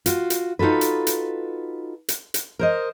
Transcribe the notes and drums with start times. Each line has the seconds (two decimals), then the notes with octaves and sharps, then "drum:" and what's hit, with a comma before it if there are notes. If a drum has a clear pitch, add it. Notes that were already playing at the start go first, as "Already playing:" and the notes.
0.06 F4 F#4, drum: hi-hat
0.30 drum: hi-hat
0.59 D#4 F4 F#4 A4 B4
0.81 drum: hi-hat
1.07 drum: hi-hat
2.09 drum: hi-hat
2.34 drum: hi-hat
2.59 A#4 C5 D#5